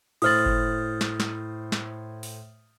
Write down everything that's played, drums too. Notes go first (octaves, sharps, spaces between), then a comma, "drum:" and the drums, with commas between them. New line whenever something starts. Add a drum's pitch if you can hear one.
A2 C5 D#6 F6 A6 F#7, drum: cymbal
drum: kick G1
drum: snare
drum: snare
drum: snare
drum: open hi-hat